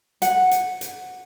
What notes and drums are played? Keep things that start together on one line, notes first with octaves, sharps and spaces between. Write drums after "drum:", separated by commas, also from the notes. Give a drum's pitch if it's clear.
F#5, drum: hi-hat
drum: hi-hat
drum: hi-hat